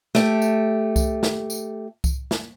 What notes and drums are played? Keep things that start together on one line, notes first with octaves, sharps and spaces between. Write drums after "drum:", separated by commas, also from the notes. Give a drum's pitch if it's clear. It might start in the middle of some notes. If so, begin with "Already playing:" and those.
A3 G4, drum: snare
drum: tambourine
drum: kick C2, tambourine
drum: snare
drum: tambourine
drum: kick C2, tambourine
drum: snare